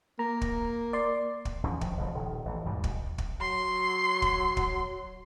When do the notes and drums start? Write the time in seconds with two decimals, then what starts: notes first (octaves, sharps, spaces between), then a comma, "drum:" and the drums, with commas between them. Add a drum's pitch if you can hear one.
0.19 A#3 A#5
0.41 drum: kick
0.93 D5 C6
1.45 drum: kick
1.64 D#2 E3 F3 C#4
1.81 D#3 F3 F#3, drum: kick
1.97 A1 C#3 F3
2.14 D#1 D#3
2.45 A1 E3
2.65 D#2 G#2 B2 G3
2.84 drum: kick
3.18 drum: kick
3.41 F#3 C6
4.22 drum: kick
4.57 drum: kick